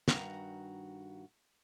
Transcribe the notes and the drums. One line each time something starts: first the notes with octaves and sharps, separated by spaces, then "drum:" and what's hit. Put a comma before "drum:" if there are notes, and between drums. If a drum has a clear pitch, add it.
G2 D#3 F#4 A#5, drum: snare